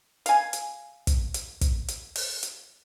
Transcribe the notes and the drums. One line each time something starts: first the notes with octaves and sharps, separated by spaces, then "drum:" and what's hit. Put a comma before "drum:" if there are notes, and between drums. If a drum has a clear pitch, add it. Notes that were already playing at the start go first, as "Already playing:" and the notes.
F5 G#5, drum: hi-hat
drum: hi-hat
drum: kick, hi-hat
drum: hi-hat
drum: kick, hi-hat
drum: hi-hat
drum: open hi-hat
drum: hi-hat